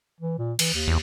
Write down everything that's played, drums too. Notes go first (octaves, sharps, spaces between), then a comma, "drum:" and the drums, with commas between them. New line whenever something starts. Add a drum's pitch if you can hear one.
E3
A#2
E3, drum: cymbal
D#2
E2